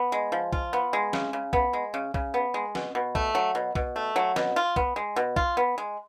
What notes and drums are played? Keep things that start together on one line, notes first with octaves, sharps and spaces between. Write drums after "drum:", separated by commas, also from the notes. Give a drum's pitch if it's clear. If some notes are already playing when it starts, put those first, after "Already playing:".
Already playing: B3
G#3
F3
F4, drum: kick
B3
G#3
C#3, drum: snare
C#3
B3, drum: kick
G#3
C#3
C#3, drum: kick
B3
G#3
B2, drum: snare
B2
A3, drum: kick
F#3
B2
B2, drum: kick
A3
F#3
B2, drum: snare
F4
B3, drum: kick
G#3
B2
F4, drum: kick
B3
G#3